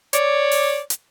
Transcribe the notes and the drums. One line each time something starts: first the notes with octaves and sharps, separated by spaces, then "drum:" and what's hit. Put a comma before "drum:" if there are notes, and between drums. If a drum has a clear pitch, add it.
C#5 D5, drum: hi-hat
drum: open hi-hat
drum: hi-hat